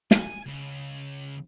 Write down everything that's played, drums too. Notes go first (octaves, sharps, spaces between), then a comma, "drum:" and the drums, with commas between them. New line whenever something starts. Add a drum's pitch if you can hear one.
G#5, drum: snare
C#2